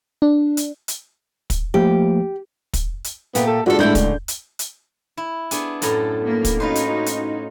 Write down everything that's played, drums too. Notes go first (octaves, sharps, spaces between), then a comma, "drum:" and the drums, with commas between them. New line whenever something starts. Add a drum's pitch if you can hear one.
D4
drum: hi-hat
drum: hi-hat
drum: kick, hi-hat
F3 A3 A#3 G4
drum: kick, hi-hat
drum: hi-hat
A#2 A3 B3 G4, drum: hi-hat
A4
D3 G#3 F4 F#4 G#4 A4 D5
A2 G#3 D4 E4 A4 G6
C#3, drum: kick, hi-hat
drum: hi-hat
drum: hi-hat
E4
B3 D4 G#4, drum: hi-hat
F#2 A2 A4 A#5, drum: hi-hat
A#3 B3
drum: kick, hi-hat
C#4 D#4 F4 F#4 B4 C5
drum: hi-hat
drum: hi-hat